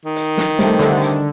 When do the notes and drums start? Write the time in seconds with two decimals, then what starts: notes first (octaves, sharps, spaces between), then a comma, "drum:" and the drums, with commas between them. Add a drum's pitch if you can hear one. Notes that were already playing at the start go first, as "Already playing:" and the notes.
0.05 D#3
0.16 drum: hi-hat
0.37 drum: snare
0.59 C3 G3 A3, drum: hi-hat
0.79 D3, drum: snare
1.01 drum: hi-hat